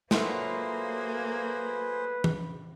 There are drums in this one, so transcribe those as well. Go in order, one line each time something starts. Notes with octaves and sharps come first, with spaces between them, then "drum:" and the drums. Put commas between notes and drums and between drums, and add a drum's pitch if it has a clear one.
F#3 A3 A#3 F4 G#4 B4 C5, drum: snare
drum: tom E3